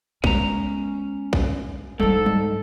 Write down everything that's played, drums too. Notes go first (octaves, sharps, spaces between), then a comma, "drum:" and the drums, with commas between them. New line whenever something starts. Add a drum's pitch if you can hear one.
G#3 B3 C#4 A#5, drum: kick
drum: kick
G#2 G3 D4 A4, drum: tom F#3
drum: tom F#3